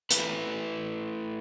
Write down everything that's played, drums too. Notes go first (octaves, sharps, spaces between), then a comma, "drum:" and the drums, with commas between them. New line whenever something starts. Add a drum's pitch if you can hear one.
A3 E4 B4, drum: hi-hat